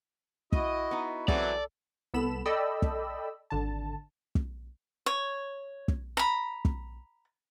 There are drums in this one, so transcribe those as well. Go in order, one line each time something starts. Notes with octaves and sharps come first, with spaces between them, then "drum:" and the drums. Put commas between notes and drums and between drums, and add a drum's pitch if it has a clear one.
E4 F#4 D#5, drum: kick
B3 D#4
E3 F#3 C4 E4 G#4 A4 D5, drum: kick
C2 B3 A4 B5 E7
A4 D5 D#5 G5 B5 E6
drum: kick
G#1 D3 A5
drum: kick
C#5
drum: kick
A#5 B5
drum: kick